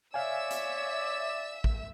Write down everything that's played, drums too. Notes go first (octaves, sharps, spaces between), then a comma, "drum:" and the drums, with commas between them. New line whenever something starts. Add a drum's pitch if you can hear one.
C#5 D5 E5 F5 G#5 E6
drum: hi-hat
drum: kick A1